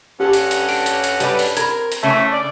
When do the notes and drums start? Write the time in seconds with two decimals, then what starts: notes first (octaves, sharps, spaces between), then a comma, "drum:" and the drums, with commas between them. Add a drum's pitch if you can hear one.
0.20 G2 C#4 G4 A4 F#5
0.33 drum: hi-hat
0.51 drum: hi-hat
0.69 D7, drum: open hi-hat
0.86 drum: hi-hat
1.04 drum: hi-hat
1.20 G3 B4 D5, drum: hi-hat
1.39 drum: open hi-hat
1.57 C4 A#4 B5 G#6, drum: hi-hat
1.92 drum: hi-hat
2.03 C#3 E3 A3 C#4
2.32 D4 D5